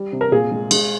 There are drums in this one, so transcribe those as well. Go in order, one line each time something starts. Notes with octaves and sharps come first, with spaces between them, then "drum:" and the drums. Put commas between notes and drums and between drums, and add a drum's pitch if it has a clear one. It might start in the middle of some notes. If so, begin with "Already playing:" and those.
Already playing: G3
C3
A#4
A#2 G#4
G#3
G#3, drum: cymbal